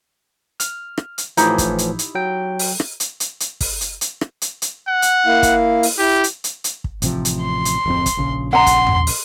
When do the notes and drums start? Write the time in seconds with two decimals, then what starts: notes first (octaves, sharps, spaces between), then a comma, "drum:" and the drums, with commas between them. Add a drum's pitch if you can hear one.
0.60 F6, drum: hi-hat
0.98 drum: rim click
1.18 drum: hi-hat
1.37 A2 E3 F3 D#4 E4 G4, drum: hi-hat
1.58 drum: kick, hi-hat
1.78 drum: hi-hat
1.99 drum: hi-hat
2.15 F#3 G5
2.59 drum: open hi-hat
2.80 drum: rim click
3.00 drum: hi-hat
3.20 drum: hi-hat
3.40 drum: hi-hat
3.61 drum: kick, open hi-hat
3.81 drum: hi-hat
4.01 drum: hi-hat
4.21 drum: rim click
4.42 drum: hi-hat
4.62 drum: hi-hat
4.88 F#5
5.02 drum: hi-hat
5.26 A#3 E4 F5
5.43 drum: kick, hi-hat
5.83 drum: open hi-hat
5.99 E4 G4
6.24 drum: hi-hat
6.44 drum: hi-hat
6.64 drum: hi-hat
6.84 drum: kick
7.02 A1 C3 F3, drum: hi-hat
7.25 drum: hi-hat
7.42 C6
7.65 drum: hi-hat
7.86 D1 F2 C4
8.06 drum: kick, hi-hat
8.17 A#1 C#3
8.53 F#5 A#5 C6
8.66 drum: kick, hi-hat
8.87 drum: tom
9.07 drum: open hi-hat